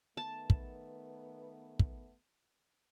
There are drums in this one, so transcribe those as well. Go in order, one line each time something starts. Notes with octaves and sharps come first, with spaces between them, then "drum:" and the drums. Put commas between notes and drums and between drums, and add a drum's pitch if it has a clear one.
D#3 A3 B3 A5
drum: kick
drum: kick